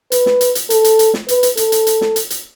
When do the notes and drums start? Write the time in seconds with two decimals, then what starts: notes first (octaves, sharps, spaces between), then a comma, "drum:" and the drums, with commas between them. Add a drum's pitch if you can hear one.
0.12 B4, drum: hi-hat
0.26 drum: snare
0.41 drum: hi-hat
0.55 drum: hi-hat
0.70 A4, drum: hi-hat
0.84 drum: hi-hat
0.99 drum: hi-hat
1.14 drum: snare
1.28 B4, drum: hi-hat
1.43 drum: hi-hat
1.57 A4, drum: hi-hat
1.72 drum: hi-hat
1.87 drum: hi-hat
2.01 drum: snare
2.16 drum: hi-hat
2.30 drum: hi-hat